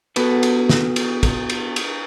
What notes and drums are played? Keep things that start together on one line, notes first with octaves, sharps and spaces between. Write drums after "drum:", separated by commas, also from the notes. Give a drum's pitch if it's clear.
B3 F#4 A4 B4, drum: cymbal
drum: cymbal
drum: snare
drum: cymbal
drum: kick, cymbal
drum: cymbal
drum: cymbal